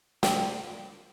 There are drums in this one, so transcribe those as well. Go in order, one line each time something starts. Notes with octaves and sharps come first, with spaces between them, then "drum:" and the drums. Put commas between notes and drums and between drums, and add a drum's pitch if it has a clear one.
G5, drum: snare